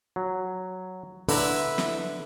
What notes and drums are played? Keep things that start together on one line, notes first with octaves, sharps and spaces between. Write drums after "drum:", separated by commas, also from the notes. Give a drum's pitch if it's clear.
F#3
D3 E4 B4 A#5, drum: open hi-hat
drum: snare